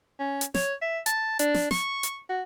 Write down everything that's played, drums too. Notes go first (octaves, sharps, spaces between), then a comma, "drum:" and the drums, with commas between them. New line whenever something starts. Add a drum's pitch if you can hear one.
C#4
drum: hi-hat
C#5, drum: snare
E5
A5, drum: hi-hat
D4, drum: hi-hat
drum: snare
C#6, drum: snare
drum: hi-hat
F#4